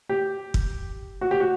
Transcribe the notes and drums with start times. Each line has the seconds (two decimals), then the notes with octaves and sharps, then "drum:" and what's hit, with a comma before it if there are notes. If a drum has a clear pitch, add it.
0.09 G4
0.54 drum: kick
1.21 F#4
1.31 G4
1.40 F#4